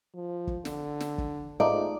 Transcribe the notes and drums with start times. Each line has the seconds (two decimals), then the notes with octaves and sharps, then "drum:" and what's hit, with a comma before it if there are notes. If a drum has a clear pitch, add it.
0.15 F3
0.47 drum: kick
0.65 D3, drum: snare
1.00 drum: snare
1.18 drum: kick
1.60 G#2 A3 D#4 F4 D5